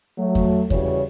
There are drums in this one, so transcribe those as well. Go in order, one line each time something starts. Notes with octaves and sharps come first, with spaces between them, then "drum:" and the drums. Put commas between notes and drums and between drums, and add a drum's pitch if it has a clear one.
F#3 A3
drum: kick E2
C#3 E3 G3 F#4 C#5, drum: kick E2